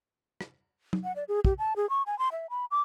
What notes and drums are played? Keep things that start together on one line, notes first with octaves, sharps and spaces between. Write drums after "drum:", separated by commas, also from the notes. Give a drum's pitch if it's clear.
drum: rim click
drum: tom
F#5
D5
G#4
G4, drum: kick
A5
G#4
C#6
G#5
C6
E5
B5
D6